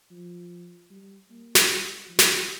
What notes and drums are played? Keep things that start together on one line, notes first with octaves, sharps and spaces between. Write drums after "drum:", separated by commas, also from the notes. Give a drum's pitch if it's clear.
F3
G3
A#3
drum: snare
G3
F3
drum: snare